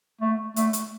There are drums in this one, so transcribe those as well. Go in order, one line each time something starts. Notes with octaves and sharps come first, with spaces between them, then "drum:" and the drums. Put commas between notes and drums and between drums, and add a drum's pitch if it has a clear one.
A3
A3, drum: hi-hat
drum: hi-hat